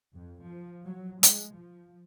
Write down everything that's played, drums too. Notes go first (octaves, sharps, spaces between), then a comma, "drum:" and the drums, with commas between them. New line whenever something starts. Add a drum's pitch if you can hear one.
F2
F3
F#3
G#3, drum: hi-hat
F3